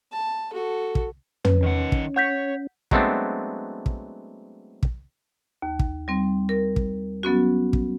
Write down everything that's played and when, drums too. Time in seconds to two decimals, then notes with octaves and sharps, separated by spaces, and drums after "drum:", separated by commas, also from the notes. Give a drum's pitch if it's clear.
0.12 A5
0.53 F#4 A4
0.95 drum: kick
1.45 C#4 B4, drum: tom
1.63 D#3 F#5
1.92 drum: kick
2.16 C#5 F#5 G6 B6
2.91 F#3 G#3 A3 B3 C4 D4, drum: kick
3.86 drum: kick
4.83 drum: kick
5.62 D#2
5.79 drum: kick
6.08 G3 C4
6.49 A#4
6.76 drum: kick
7.23 F#3 B3 C#4 F#4
7.73 drum: kick